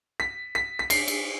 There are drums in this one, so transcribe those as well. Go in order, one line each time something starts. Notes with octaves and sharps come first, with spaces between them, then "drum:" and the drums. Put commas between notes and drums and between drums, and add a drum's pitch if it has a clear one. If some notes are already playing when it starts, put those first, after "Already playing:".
B6
B6
B6
C7, drum: cymbal
drum: cymbal